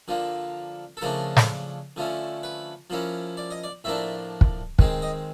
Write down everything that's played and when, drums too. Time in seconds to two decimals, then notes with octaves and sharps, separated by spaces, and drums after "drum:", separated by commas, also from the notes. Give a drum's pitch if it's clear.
0.08 D3 F3 A#3
0.97 A4
1.01 C#3 F3 A3 D4 A#4
1.37 drum: snare
1.96 D3 F3 A3 C#4
2.43 B4
2.90 F3 A#3 C#4 E4
3.37 D5
3.51 D#5
3.64 D5
3.84 A2 F3 A#3 D4 E5
4.41 drum: kick
4.79 D#3 G#3 C4, drum: kick
5.02 D#5